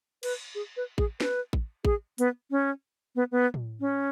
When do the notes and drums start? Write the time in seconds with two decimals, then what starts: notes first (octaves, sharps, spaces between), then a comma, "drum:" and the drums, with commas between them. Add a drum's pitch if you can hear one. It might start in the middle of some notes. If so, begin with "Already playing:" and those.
0.23 B4, drum: cymbal
0.55 G#4
0.77 B4
0.98 G#4, drum: kick A1
1.21 B4, drum: snare
1.53 drum: kick A1
1.85 G#4, drum: kick A1
2.18 B3, drum: hi-hat
2.51 C#4
3.16 B3
3.32 B3
3.54 drum: tom A2
3.80 C#4